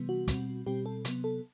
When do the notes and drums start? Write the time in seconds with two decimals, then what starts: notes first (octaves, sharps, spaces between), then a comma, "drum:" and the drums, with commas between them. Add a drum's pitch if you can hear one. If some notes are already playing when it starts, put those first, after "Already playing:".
Already playing: C3 E3 G3 B3
0.09 F#4
0.28 B2 G3 C4, drum: kick, hi-hat
0.66 B2 G3 C4 G4
0.86 A4
1.05 C3 F#3 B3, drum: hi-hat
1.24 A4